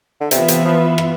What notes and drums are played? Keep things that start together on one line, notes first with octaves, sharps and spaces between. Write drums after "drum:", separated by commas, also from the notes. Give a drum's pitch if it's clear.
D3
C3 E3 B3 F4 B4 E5, drum: hi-hat
C3, drum: hi-hat
F3
drum: rim click